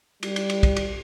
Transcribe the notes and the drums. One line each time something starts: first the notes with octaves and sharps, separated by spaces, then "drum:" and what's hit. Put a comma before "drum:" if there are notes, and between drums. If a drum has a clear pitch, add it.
G3, drum: cymbal
drum: cymbal
drum: cymbal
drum: kick, cymbal
drum: cymbal